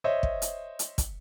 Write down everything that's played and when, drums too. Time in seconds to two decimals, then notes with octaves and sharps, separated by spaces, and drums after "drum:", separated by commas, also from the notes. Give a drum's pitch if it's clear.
0.04 C5 C#5 D#5 E5
0.23 drum: kick
0.42 drum: hi-hat
0.79 drum: hi-hat
0.98 drum: kick, hi-hat